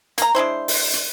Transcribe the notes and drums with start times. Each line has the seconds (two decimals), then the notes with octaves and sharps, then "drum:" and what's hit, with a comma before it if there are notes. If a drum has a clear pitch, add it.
0.18 A#3 A#5, drum: hi-hat
0.35 G#3 D4 E4 C5
0.68 drum: open hi-hat
0.93 drum: hi-hat